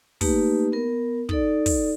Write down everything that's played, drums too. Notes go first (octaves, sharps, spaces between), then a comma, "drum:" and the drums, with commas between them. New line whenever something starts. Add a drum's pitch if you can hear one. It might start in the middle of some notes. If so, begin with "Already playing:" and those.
A3 A#3 D#4 G4 B4, drum: kick, open hi-hat
B3 A#4
D#4 A4 D5, drum: kick
drum: kick, open hi-hat